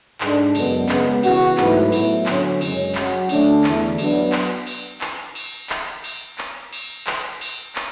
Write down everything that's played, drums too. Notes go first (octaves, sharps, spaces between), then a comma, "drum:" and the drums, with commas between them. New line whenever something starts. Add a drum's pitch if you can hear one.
G#2 G#3 D4 A4, drum: clap
F#2 C#3 G#3 B3, drum: cymbal
C#3 G#3 B3, drum: clap
C#3 E3 B3 F#4, drum: cymbal
G#2 F#3 A3 E4 B4, drum: clap
A2 F#3 B3 E4, drum: cymbal
D3 F#3 C#4, drum: clap
F#2 C#3 G#3 C#4, drum: cymbal
F#3 C#4 F#4, drum: clap
D3 A3 D4, drum: cymbal
E2 D3 A3, drum: clap
F#3 B3 D4, drum: cymbal
drum: clap
drum: cymbal
drum: clap
drum: cymbal
drum: clap
drum: cymbal
drum: clap
drum: cymbal
drum: clap
drum: cymbal
drum: clap